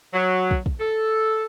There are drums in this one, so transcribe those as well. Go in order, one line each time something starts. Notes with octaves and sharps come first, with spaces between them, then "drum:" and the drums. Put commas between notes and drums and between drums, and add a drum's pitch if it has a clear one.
F#3
drum: kick
drum: kick
A4